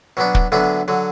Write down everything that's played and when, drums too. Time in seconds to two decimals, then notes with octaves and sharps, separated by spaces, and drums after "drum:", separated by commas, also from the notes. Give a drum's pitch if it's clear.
0.17 B2 F#3 B3 D4
0.35 drum: kick
0.52 D2 D3 F#3 B3 D4
0.88 D3 F#3